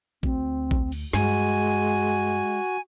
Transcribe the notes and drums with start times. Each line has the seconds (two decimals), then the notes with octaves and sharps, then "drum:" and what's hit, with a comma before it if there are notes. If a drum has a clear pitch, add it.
0.23 D2 C4, drum: kick A#1
0.71 drum: kick A#1
0.92 drum: cymbal
1.13 G2 G#3 F#4 G#5, drum: snare